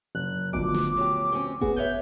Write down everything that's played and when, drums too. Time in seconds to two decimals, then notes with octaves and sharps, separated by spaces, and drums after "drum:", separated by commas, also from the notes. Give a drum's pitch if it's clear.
0.15 F#1 F#6
0.53 D2 B2 F3 D6, drum: kick G1
0.74 drum: snare
0.97 F#3 G4
1.32 C4 C#4
1.61 B3 F#4 G#4, drum: kick G1
1.76 B4 C#5 E5 G6